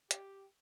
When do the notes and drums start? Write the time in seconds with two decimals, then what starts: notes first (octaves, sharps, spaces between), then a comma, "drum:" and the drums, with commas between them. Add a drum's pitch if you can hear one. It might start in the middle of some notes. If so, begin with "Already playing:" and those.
0.11 G4, drum: hi-hat